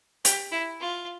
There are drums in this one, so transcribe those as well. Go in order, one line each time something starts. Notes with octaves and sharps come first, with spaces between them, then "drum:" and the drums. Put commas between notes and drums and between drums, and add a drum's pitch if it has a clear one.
G4, drum: hi-hat
E4
F4